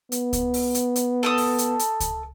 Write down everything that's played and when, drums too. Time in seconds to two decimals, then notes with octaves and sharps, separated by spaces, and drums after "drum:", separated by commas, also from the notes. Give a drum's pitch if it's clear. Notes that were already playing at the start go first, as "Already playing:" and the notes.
0.12 B3, drum: hi-hat
0.33 drum: kick C#2, hi-hat
0.54 drum: open hi-hat
0.75 drum: hi-hat
0.96 drum: hi-hat
1.23 A4 A5 D#6
1.37 drum: open hi-hat
1.58 drum: hi-hat
1.79 drum: hi-hat
2.00 drum: kick C#2, hi-hat